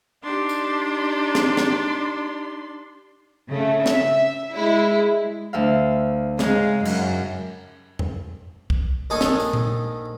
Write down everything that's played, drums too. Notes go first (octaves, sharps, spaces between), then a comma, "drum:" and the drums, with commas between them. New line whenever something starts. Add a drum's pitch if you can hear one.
D4 D#4 G4 C6
drum: tambourine
drum: snare
drum: snare
C#3 A3
E5, drum: snare
G#3 E4
D2 E5 F5
G#2 C#3 G#3 F5, drum: snare
F#2, drum: cymbal
drum: tom E2
drum: kick
A#1 D#3 D#4 A4 G#5
drum: snare
drum: tambourine
drum: tom A#2